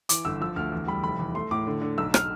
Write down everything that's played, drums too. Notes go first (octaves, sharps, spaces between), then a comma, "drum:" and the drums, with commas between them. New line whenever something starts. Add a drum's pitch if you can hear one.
E3 D6, drum: hi-hat
G1 E6
F3 E6
D2 F6
E2
G3 B5
F1 B5
E2
A3 C6
A2 D6
D3
D3
B1 E6
F6, drum: rim click